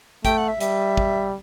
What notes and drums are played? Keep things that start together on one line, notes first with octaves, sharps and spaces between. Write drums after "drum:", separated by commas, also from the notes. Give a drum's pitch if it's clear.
A3 G5, drum: kick, hi-hat
F#5
E5
G3 E5, drum: hi-hat
drum: kick